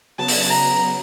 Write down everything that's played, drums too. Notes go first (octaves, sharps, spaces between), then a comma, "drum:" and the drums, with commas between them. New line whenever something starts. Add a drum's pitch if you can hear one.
C#3 F#3 B3 A5
drum: open hi-hat
A#5